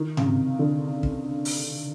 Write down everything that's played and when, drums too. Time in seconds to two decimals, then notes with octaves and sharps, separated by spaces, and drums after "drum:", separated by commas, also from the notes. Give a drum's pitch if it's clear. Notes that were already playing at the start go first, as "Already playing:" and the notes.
Already playing: D#3
0.17 C#3, drum: tom G#2
0.26 C3
0.59 D3
1.03 drum: kick
1.45 drum: open hi-hat